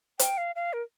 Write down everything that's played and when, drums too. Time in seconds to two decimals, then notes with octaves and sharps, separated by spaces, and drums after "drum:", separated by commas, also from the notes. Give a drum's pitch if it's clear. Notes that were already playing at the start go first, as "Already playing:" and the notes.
0.19 G5, drum: hi-hat
0.38 F5
0.56 F5
0.73 A#4